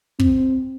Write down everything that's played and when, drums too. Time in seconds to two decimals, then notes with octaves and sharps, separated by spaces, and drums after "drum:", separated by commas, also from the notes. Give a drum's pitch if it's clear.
0.20 C4, drum: kick